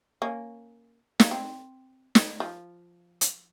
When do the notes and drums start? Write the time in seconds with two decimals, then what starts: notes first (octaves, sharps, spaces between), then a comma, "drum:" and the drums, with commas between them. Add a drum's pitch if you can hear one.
0.22 A#3 C#4
1.20 A#3, drum: snare
1.31 C4
2.15 drum: snare
2.40 F3
3.21 drum: hi-hat